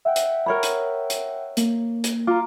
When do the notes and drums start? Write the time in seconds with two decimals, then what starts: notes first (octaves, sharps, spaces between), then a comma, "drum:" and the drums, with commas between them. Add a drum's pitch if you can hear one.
0.05 E5 F#5 G5
0.16 drum: hi-hat
0.46 A#4 C#5 B5
0.63 drum: hi-hat
1.10 drum: hi-hat
1.57 A#3, drum: hi-hat
2.04 drum: hi-hat
2.27 F4 A#5 D6